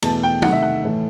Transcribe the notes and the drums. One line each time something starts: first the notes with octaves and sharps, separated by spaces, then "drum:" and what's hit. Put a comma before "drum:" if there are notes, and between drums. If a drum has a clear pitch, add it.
E2 B2 A3 A5, drum: cymbal
G5
C3 D#3 A3 F#5, drum: tom
E5
F#5
A2 E3 A3